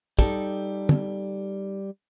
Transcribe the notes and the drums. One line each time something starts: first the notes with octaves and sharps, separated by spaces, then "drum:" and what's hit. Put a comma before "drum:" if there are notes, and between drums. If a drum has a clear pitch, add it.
G3 D#4 G4 A4, drum: kick
drum: tom